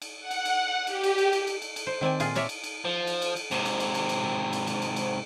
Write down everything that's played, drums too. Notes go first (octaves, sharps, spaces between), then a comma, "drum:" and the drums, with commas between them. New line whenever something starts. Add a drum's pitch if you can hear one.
drum: cymbal
F#5
drum: cymbal
drum: cymbal
G4, drum: cymbal
drum: cymbal
drum: cymbal
drum: cymbal
drum: cymbal
drum: cymbal
drum: cymbal
C5
D#3 C4 D5 G#5
A#2 F4 G#4, drum: cymbal
A#4 C#5 D5 E5, drum: cymbal
drum: cymbal
drum: cymbal
F3
drum: cymbal
drum: cymbal
drum: cymbal
G#2 C3, drum: cymbal
drum: cymbal
drum: cymbal
drum: cymbal
drum: cymbal
drum: tom
drum: cymbal
drum: cymbal
drum: cymbal
drum: cymbal